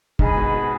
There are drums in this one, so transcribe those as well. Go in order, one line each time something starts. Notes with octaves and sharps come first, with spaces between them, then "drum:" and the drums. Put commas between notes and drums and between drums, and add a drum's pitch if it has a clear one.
G#2 G#4 D#5 G#5 B5, drum: kick
B2
B2